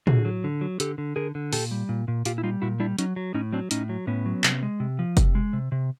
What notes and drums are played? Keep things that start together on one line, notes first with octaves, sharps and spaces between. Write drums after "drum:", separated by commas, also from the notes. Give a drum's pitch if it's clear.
D3 F#4 G#4, drum: tom
F#3
D3
F#3
D3 G4 A4, drum: hi-hat
D3
D3 G#4 A#4
D3
A#2 G4 A4, drum: open hi-hat
G3
A#2
A#2
A#2 F4 G4, drum: hi-hat
E4
G3 D#4 F4
A#2 E4 F#4
G3 D4 E4
F#3 C#4 D#4, drum: hi-hat
F#3
A2 C#4 D#4
F#3 C4 D4
A2 C#4 D#4, drum: hi-hat
F#3
A2 B3 C#4
F#3
C3, drum: clap
G#3
C3
F3
C3, drum: kick, hi-hat
G#3
C3
C3